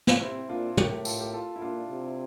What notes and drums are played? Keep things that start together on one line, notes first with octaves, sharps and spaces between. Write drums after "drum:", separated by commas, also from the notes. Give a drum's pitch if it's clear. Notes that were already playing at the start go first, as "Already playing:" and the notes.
drum: snare
C3 C4 E4
A#2 D4 F4
A2 G4 A#4, drum: tom
F4 A4, drum: tambourine
G4 A#4
F4 A4
E4
A#2 D4 F4
C3